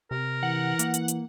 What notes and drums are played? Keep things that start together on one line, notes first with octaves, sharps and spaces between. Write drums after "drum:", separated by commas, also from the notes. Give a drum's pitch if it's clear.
C3 A#4
E3 F#5
A#3, drum: hi-hat
drum: hi-hat
drum: hi-hat